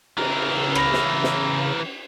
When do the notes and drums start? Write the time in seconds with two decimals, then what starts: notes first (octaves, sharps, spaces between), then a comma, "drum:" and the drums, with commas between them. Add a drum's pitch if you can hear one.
0.18 C#3 E3 A#4, drum: cymbal
0.75 B5 A#6, drum: rim click
0.93 drum: snare
1.24 drum: snare